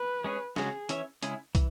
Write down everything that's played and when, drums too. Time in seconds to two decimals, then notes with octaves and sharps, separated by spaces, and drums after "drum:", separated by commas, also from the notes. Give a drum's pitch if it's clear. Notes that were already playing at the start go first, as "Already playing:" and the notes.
Already playing: B4
0.24 G#3 C#4 G#4 C#5
0.56 C#3 G#3 C#4 F#4 G#4, drum: snare
0.89 E3 C#4 E4 C#5 E5, drum: hi-hat
1.23 C#3 G#3 C#4 E4 G#4, drum: hi-hat
1.55 E3, drum: kick, hi-hat